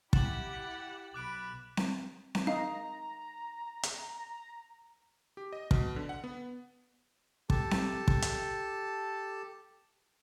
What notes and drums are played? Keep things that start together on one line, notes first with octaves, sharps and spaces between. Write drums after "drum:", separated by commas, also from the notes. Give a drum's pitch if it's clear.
E4 G4 F#5 A6 E7 F#7, drum: kick
B1 B5 D6 F#6 D7
drum: snare C4
drum: snare C4
D#4 F5 A#5
drum: hi-hat
G4
D#5
B2, drum: kick
D3
F#5
B3
G4 A4 A5, drum: kick
drum: snare C4
drum: kick
drum: hi-hat